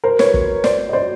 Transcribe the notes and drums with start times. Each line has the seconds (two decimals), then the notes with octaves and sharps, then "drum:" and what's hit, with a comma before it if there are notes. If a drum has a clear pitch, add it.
0.04 A#4 C5
0.19 B4 C#5, drum: snare
0.34 drum: kick
0.64 C5 D5, drum: snare
0.89 D#5
0.93 C5 D5